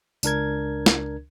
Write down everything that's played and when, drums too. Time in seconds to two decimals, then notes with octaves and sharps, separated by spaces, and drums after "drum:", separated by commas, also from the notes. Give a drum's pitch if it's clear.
0.23 C#2 D4 A#4 G#6, drum: tambourine
0.86 drum: snare